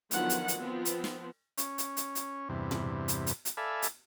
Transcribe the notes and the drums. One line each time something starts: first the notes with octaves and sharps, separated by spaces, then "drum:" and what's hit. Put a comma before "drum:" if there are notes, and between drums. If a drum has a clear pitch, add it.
D3 D#3 F3 F#3 B3 F#5, drum: hi-hat
drum: hi-hat
drum: hi-hat
F3 B3 C4
drum: hi-hat
drum: snare
C#4, drum: hi-hat
drum: hi-hat
drum: hi-hat
drum: hi-hat
E2 G2 C3
drum: tom A#2
drum: hi-hat
drum: hi-hat
drum: hi-hat
A4 D5 E5 F5 G#5 B5
drum: hi-hat